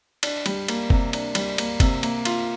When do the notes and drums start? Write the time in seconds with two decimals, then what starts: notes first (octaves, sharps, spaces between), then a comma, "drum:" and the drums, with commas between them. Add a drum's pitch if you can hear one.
0.23 D4, drum: cymbal
0.46 G3, drum: cymbal
0.68 A#3, drum: cymbal
0.90 C3, drum: kick F#1
1.13 D4, drum: cymbal
1.35 G3, drum: cymbal
1.58 A#3, drum: cymbal
1.80 C3, drum: kick F#1, cymbal
2.03 A#3, drum: cymbal
2.25 F4, drum: cymbal